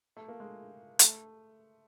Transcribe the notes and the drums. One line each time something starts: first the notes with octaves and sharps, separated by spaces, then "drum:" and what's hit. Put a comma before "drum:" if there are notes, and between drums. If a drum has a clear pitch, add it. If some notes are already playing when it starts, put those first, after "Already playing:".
A3
A#3
G#3
A3, drum: hi-hat